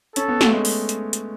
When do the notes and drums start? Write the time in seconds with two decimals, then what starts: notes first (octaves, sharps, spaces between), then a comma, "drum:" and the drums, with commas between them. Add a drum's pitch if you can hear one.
0.16 C#4 A4, drum: hi-hat
0.28 B3
0.41 A3, drum: snare
0.53 G#3
0.65 drum: open hi-hat
0.89 drum: hi-hat
1.13 drum: hi-hat